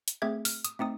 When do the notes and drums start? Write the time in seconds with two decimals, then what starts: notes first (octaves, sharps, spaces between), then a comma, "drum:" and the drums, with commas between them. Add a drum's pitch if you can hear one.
0.08 drum: hi-hat
0.22 A3 C4 G#4 E5 G#6
0.45 F6, drum: open hi-hat
0.65 D#6, drum: hi-hat
0.79 A3 C4 D#4 D#6